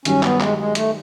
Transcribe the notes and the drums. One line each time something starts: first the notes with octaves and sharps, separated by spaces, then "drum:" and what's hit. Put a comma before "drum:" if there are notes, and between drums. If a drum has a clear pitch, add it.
G2 D#3 F#3 C#4, drum: hi-hat
B3, drum: clap
G#3, drum: clap
G#3
A3, drum: hi-hat